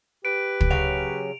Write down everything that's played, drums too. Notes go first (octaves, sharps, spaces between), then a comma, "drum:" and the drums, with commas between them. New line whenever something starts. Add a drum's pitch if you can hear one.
G4 B4 D7
drum: kick
C#3 F#3 C#4 F7